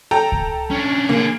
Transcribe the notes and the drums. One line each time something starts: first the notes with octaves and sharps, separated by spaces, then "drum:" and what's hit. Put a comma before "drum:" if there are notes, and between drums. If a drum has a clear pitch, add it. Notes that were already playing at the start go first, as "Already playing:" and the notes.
A4 G5 A#5
drum: kick C#2
C#4 D4
D3 A#3 G#4